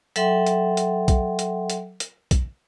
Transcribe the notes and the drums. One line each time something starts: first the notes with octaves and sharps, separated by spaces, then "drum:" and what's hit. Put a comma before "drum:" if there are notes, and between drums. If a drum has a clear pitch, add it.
F#3 A4 E5 F#5 G5 C6, drum: hi-hat
drum: hi-hat
drum: hi-hat
drum: kick B1, hi-hat
drum: hi-hat
drum: hi-hat
drum: hi-hat
drum: kick B1, hi-hat